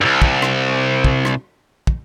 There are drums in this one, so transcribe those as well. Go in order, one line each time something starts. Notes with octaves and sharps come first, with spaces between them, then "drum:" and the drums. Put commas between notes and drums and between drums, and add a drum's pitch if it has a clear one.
C2 G2
drum: kick
drum: rim click
drum: kick
drum: rim click
drum: kick